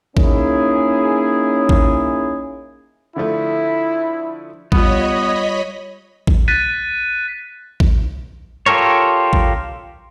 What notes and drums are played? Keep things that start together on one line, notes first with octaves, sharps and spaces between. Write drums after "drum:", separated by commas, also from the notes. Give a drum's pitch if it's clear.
A#3 C#4 D#4 E4 G#4, drum: kick A1
drum: kick A1
D3 F3 A3 E4
G3 B3 F4 C#5 D#5 B5, drum: kick A1
drum: kick A1
F#6 A6 B6 D#7
drum: kick A1
F4 G4 A4 A#4 C#5
drum: kick A1